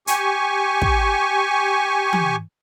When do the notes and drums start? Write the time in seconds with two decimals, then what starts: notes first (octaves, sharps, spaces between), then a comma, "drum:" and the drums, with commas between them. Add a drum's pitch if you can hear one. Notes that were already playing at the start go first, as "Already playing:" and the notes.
0.07 G4 G#5 C#6, drum: hi-hat
0.82 drum: kick
2.13 drum: tom E3